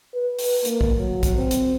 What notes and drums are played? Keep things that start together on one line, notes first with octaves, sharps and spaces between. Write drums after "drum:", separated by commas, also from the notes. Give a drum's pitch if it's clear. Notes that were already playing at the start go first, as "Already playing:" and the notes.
B4
drum: open hi-hat
A#3, drum: hi-hat
drum: kick
F#3
drum: kick, hi-hat
C4
drum: hi-hat